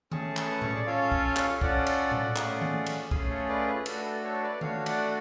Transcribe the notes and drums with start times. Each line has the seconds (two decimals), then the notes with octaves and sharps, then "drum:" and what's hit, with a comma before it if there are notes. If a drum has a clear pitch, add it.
0.12 A3 C#4 G#4 A5 C#6, drum: tom D#3
0.37 A4, drum: clap
0.50 B4
0.62 C#5, drum: tom A2
0.74 D5
0.86 C#4 F4 A4 C#5 F5
1.12 drum: kick
1.37 drum: clap
1.61 C#4 F4 A4 D5 F#5, drum: kick
1.87 drum: cymbal
2.11 drum: tom A2
2.36 A3 C#4 F4 G#4, drum: clap
2.61 drum: tom D#3
2.86 drum: cymbal
3.11 A3 C#4 F4 G#4 F5 G#5, drum: kick
3.30 A4 C#5
3.49 B4 D5
3.67 B4
3.86 A3 D4 F#4 A4, drum: cymbal
3.99 B4
4.05 A4
4.24 A4 C#5
4.43 B4 D5
4.61 A3 D4 F#4 C#5 F5, drum: tom D#3
4.86 D5 F#5, drum: cymbal